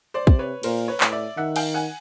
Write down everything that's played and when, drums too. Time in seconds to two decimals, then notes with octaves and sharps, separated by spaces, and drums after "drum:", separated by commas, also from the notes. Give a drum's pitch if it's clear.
0.14 C5 D5
0.27 C3, drum: kick
0.39 B4 C#5
0.63 A#2 A#4 C5, drum: cymbal
0.88 B4 C#5
1.01 A2, drum: clap
1.12 D5 E5
1.37 D#3 E5 F#5
1.56 F5 G5, drum: cymbal
1.74 F#5 G#5